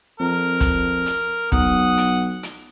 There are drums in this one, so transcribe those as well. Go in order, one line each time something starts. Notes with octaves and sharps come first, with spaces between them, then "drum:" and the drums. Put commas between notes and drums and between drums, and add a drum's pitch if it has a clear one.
F2 A#4
drum: kick, hi-hat
drum: hi-hat
B1 F#5 D#6, drum: kick
drum: hi-hat
drum: hi-hat